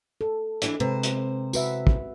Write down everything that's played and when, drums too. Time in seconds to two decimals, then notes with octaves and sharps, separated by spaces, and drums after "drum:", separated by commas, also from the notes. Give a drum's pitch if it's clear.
0.21 A4
0.62 E3 D4 E4, drum: hi-hat
0.80 C3 G#3 C4 B4 C5
1.03 drum: hi-hat
1.53 F#4 B4 E5, drum: tambourine
1.87 drum: kick